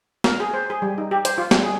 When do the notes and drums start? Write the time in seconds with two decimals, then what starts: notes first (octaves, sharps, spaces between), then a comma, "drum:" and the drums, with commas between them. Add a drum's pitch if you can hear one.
0.24 A#4, drum: snare
0.40 G#4
0.54 C5
0.70 G#4
0.82 G3
0.98 D#4
1.11 G4
1.25 C5, drum: hi-hat
1.38 F4
1.51 G3, drum: snare
1.64 G#4